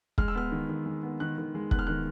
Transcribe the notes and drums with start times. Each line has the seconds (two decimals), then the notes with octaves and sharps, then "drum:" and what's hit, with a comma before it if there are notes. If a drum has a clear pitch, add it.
0.18 G#3 F6, drum: kick
0.28 E6
0.35 B3 F6
0.52 D#3
0.69 D#3
0.86 G#3
1.03 B3
1.20 D#3 F#6
1.38 D#3
1.55 G#3
1.71 B3 F#6, drum: kick
1.79 F6
1.87 D#3 F#6